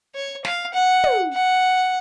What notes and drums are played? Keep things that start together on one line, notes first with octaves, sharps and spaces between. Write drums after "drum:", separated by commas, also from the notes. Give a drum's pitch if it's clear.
C#5
F5, drum: snare
F#5
drum: tom
F#5